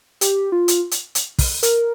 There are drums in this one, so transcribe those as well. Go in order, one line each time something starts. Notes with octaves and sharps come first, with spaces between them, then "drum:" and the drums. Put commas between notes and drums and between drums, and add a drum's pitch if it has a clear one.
G4, drum: hi-hat
F4
drum: hi-hat
drum: hi-hat
drum: hi-hat
drum: kick, open hi-hat
A#4, drum: hi-hat